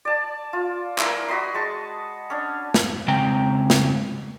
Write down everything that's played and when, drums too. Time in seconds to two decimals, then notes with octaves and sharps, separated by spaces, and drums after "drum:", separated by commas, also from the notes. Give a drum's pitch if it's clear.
0.05 D5 A5
0.53 F4
0.98 E4 A#4, drum: clap
1.29 F#4 D#5 B5 C6
1.54 G#3 A5 C#6
2.30 C#4 D4
2.74 drum: snare
3.08 C#3 G#3 C4 G5 A#5
3.70 drum: snare